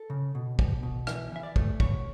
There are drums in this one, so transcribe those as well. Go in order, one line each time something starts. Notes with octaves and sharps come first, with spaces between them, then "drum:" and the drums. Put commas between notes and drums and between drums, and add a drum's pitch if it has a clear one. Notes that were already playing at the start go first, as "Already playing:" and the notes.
Already playing: A4
C#3
B2
B2, drum: kick
B2
E3 E5, drum: rim click
E3 E5
D5
A3, drum: kick
B2 C#5, drum: kick